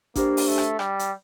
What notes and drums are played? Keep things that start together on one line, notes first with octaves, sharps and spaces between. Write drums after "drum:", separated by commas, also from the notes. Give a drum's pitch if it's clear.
A#3 D4 G4 C5, drum: kick, hi-hat
drum: open hi-hat
A3
drum: rim click
G3, drum: rim click
drum: hi-hat